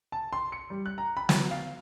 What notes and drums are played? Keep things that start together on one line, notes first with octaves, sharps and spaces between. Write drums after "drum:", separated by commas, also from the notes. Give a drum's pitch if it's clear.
A5
C6
C#7
G3
F#6
A#5
B5
F#3, drum: snare
F5